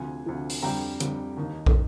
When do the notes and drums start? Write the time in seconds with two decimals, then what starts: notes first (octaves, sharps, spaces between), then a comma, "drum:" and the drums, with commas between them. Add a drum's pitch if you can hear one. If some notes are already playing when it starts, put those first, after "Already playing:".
Already playing: D2 C3 F3 G#5 C6
0.26 D2 C3 F3
0.50 drum: open hi-hat
0.63 F2 D3 G3 G5 A#5
1.00 F2 D3 G3, drum: hi-hat
1.37 D#2 D#3 A#3 D#4
1.66 drum: kick